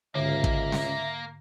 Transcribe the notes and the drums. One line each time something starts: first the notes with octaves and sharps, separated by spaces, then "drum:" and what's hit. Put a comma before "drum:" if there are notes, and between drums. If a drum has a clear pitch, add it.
C#2 G#2 D3 A#3 E5
drum: kick
drum: snare